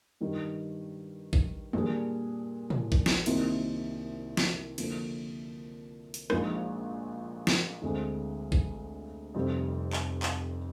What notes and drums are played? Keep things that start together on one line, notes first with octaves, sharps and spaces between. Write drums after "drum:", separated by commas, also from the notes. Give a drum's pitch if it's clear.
G2 D#3 G3
drum: kick A1
A#2 G3 A#3 D4 G#4, drum: tom D#3
drum: tom A2
drum: kick A1
drum: snare
C2 C3 D#3 A#3 F4, drum: cymbal
drum: snare
D3 F3 A#3, drum: cymbal
drum: hi-hat
A#1 A#2 F3 G#3 D#4, drum: rim click
drum: snare
D2 D3 G#3 C4
drum: kick A1
F1 F2 C3 G3 C4
drum: clap
drum: clap